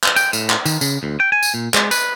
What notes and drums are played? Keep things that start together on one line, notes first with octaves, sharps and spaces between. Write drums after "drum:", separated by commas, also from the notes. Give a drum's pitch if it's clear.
drum: clap
G5, drum: tambourine
A2, drum: tambourine
drum: clap
D#3, drum: tambourine
C#3, drum: tambourine
D2
G5
G#5
drum: tambourine
A#2
G#3, drum: clap
B4, drum: tambourine